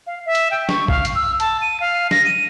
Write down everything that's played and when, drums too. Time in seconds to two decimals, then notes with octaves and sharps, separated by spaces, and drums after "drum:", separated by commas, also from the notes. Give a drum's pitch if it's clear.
0.07 F5
0.26 E5
0.35 drum: hi-hat
0.51 G5
0.69 C#6, drum: snare
0.88 F5, drum: kick
1.05 drum: hi-hat
1.15 E6
1.40 A5, drum: hi-hat
1.62 D#7
1.80 F5
2.11 A#6, drum: snare
2.25 D#7